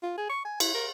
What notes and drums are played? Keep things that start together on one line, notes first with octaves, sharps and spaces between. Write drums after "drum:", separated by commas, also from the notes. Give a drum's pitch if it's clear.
F4
G#4
C#6
G#5
E4, drum: cymbal
A#4